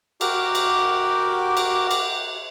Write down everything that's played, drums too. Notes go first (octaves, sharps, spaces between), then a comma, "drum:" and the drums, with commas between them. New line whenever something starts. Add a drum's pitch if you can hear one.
F#4 G4 A#4 D6, drum: cymbal
drum: cymbal
drum: cymbal
drum: cymbal